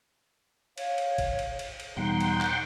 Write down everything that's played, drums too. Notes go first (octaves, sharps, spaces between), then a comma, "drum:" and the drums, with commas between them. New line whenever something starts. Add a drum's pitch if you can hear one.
C#5 F5, drum: cymbal
drum: cymbal
drum: kick G1, cymbal
drum: cymbal
drum: cymbal
drum: cymbal
E2 B2 G3 D#4 F#5 G5 A#5 C6
drum: cymbal
drum: clap